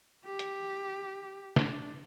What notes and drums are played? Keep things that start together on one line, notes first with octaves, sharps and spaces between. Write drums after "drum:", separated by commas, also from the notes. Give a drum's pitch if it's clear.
G4
drum: hi-hat
D4, drum: snare